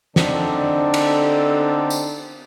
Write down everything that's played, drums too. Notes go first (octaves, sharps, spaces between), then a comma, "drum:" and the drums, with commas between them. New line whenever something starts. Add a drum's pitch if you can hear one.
D3 C4 D4 D#4 A4, drum: snare
drum: cymbal
drum: tambourine